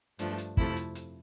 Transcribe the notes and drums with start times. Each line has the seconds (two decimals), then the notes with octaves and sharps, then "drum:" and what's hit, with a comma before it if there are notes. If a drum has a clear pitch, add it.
0.19 G2 F3 A3 D4, drum: hi-hat
0.38 drum: hi-hat
0.57 F2 C3 F3 A3 E4, drum: kick
0.76 drum: hi-hat
0.95 drum: hi-hat